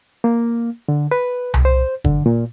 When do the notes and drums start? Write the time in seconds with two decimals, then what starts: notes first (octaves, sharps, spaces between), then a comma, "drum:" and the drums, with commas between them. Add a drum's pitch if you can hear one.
0.24 A#3
0.88 D3
1.11 B4
1.54 drum: tom C2
1.65 C5
2.04 D3, drum: kick
2.26 A#2